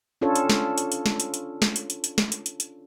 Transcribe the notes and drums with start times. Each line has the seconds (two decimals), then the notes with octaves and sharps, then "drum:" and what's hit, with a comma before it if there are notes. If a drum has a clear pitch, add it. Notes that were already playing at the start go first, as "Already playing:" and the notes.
0.21 C#4 D4 F4 A4 C#5
0.35 drum: hi-hat
0.50 drum: snare
0.78 drum: hi-hat
0.92 drum: hi-hat
1.06 drum: snare
1.20 drum: hi-hat
1.34 drum: hi-hat
1.62 drum: snare
1.76 drum: hi-hat
1.90 drum: hi-hat
2.04 drum: hi-hat
2.18 drum: snare
2.32 drum: hi-hat
2.46 drum: hi-hat
2.60 drum: hi-hat